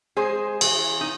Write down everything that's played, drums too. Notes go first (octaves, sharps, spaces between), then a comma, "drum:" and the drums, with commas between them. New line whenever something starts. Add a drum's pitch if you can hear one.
G#3 G#4 C5
E3, drum: cymbal
D#4